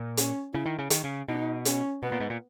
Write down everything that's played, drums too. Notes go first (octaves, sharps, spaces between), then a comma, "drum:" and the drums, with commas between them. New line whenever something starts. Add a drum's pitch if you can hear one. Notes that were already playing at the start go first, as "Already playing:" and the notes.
Already playing: A#2
C#4, drum: hi-hat
C#3 E4
D#3
C#3
D#3, drum: hi-hat
C#3
B2 D#4
C#4, drum: hi-hat
B2 B3
A#2
G#2
A#2